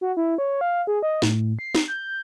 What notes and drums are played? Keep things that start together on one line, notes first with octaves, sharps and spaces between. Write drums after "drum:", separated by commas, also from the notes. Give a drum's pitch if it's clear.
F#4
E4
C#5
F5
G#4
D#5
A2, drum: snare
C7
drum: snare
G6